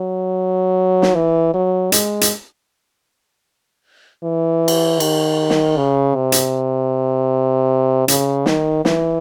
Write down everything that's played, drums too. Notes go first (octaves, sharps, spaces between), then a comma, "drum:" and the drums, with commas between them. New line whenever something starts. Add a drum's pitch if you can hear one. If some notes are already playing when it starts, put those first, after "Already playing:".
Already playing: F#3
drum: snare
E3
F#3
G#3, drum: hi-hat
drum: hi-hat
E3
drum: cymbal
D#3, drum: cymbal
drum: snare
C#3
C3
drum: hi-hat
C#3, drum: hi-hat
D#3, drum: snare
E3, drum: snare